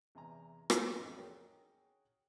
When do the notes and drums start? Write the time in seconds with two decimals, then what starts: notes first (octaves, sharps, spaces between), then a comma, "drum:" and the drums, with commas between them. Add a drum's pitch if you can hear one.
0.15 E2 C3 G#5 A#5
0.70 D5 F5 G5, drum: rim click
0.96 A1 F2 G#2 D#4 A4
1.16 F#4 G#4 A#4 C#5 G5